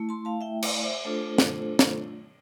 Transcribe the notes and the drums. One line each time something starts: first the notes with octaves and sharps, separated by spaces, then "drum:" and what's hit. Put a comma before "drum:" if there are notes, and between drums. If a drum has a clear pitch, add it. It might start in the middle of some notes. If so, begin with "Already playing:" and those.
Already playing: A3 E4
A5 C6
F5 A5
E5 G5
D5 F5, drum: cymbal
C5 E5
A3 D4 F4 A4 C5
drum: snare
drum: snare